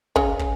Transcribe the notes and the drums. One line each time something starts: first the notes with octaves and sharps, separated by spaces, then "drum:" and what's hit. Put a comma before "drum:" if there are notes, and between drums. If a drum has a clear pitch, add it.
C#3 C#4, drum: kick
drum: kick